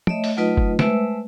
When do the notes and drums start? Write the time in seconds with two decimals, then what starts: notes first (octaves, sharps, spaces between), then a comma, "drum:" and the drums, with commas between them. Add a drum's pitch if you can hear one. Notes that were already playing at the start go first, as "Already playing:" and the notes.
0.07 A3 C#5 D#5 E5, drum: tom
0.24 drum: open hi-hat
0.37 F#3 A3 D#4 F4 B4 D#5
0.57 drum: kick
0.79 G#3 A3 B4 C5 E5 E6, drum: snare